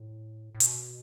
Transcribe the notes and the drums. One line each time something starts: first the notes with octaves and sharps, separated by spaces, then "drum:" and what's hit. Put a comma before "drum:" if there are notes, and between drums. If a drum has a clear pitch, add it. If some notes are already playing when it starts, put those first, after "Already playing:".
Already playing: A2
A2
B2, drum: hi-hat